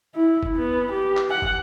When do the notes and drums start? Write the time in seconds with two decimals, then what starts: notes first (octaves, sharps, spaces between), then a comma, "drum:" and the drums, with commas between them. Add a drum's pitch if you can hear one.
0.15 E4
0.43 drum: kick
0.56 B3
0.92 G4
1.17 drum: clap
1.30 F#5
1.42 drum: kick